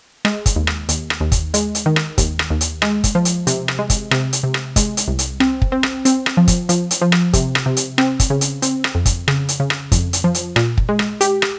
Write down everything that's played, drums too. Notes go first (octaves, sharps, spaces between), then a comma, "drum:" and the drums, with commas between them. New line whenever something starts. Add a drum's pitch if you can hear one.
G#3, drum: rim click
drum: kick, hi-hat
D#2
drum: rim click
D#2, drum: hi-hat
drum: rim click
D#2
drum: kick, hi-hat
G#3, drum: hi-hat
drum: hi-hat
D#3
drum: rim click
D#2, drum: kick, hi-hat
drum: rim click
D#2
drum: hi-hat
G#3, drum: rim click
drum: kick, hi-hat
F3
drum: hi-hat
C3, drum: hi-hat
drum: rim click
G#3
drum: kick, hi-hat
C3, drum: rim click
drum: hi-hat
C3
drum: rim click
G#3, drum: kick, hi-hat
drum: hi-hat
C2
drum: hi-hat
C4, drum: rim click
drum: kick
C4
drum: rim click
C4, drum: hi-hat
drum: rim click
F3
drum: kick, hi-hat
F3, drum: hi-hat
drum: hi-hat
F3
drum: rim click
C3, drum: kick, hi-hat
drum: rim click
C3
drum: hi-hat
C4, drum: rim click
drum: kick, hi-hat
C#3
drum: hi-hat
C4, drum: hi-hat
drum: rim click
F2
drum: kick, hi-hat
C#3, drum: rim click
drum: hi-hat
C#3
drum: rim click
F2, drum: kick, hi-hat
drum: hi-hat
F3
drum: hi-hat
A#2, drum: rim click
drum: kick
G#3
drum: rim click
G4, drum: hi-hat
drum: rim click